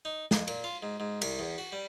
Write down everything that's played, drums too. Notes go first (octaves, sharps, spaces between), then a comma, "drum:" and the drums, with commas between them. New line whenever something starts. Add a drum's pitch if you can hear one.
D#4
F2, drum: snare
A#2, drum: cymbal
F4
G#2
G#2
C2, drum: cymbal
E2
F#4
G3